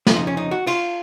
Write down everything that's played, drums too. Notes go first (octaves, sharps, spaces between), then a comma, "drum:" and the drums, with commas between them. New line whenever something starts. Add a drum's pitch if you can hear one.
F2 C#3 F3 F4, drum: snare
D#4
C#4
D#4
F#4
F4, drum: cymbal